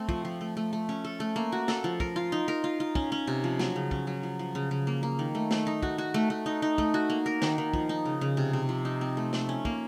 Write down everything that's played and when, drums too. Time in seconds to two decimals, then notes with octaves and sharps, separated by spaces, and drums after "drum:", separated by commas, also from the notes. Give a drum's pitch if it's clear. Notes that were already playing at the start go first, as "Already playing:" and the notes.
Already playing: A3 C4
0.09 F3, drum: kick
0.25 F3
0.41 A3
0.57 A3
0.73 A3
0.89 C#4
1.04 A4
1.20 A3
1.36 A#3
1.52 F#4
1.68 A4, drum: snare
1.84 F3
2.00 A#4, drum: kick
2.16 F4
2.32 D#4
2.48 A#4
2.64 F4
2.80 F4
2.95 C#4, drum: kick
3.12 C#4
3.27 C3
3.44 F3
3.59 F#3, drum: snare
3.76 C#3
3.91 C#4, drum: kick
4.07 F#3
4.23 F3
4.39 F3
4.55 C#3
4.71 C#3
4.87 A#3
5.03 A#3
5.19 D#3
5.35 A3
5.51 A3, drum: snare
5.67 D#4
5.83 F#4, drum: kick
5.98 F#4
6.14 A3
6.30 A3
6.46 D#4
6.62 D#4
6.78 A3, drum: kick
6.94 F#4
7.10 A#3
7.26 A#4
7.42 D#3, drum: snare
7.58 D#3
7.73 F3, drum: kick
7.89 D#4
8.05 C#3
8.21 C#3
8.37 C3
8.53 C3
8.69 F3
8.85 D#4
9.01 C4
9.17 A3
9.33 A3, drum: snare
9.49 C#4
9.65 A#3, drum: kick